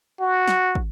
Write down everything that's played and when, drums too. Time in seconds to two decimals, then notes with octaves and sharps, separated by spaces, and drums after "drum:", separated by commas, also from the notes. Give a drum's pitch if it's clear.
0.20 F#4
0.48 drum: snare
0.75 drum: kick